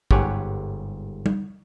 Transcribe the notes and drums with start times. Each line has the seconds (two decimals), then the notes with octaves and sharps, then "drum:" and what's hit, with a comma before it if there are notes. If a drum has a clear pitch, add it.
0.11 G1 G#2 G4 C#5 F#5 G#5, drum: kick
1.26 drum: tom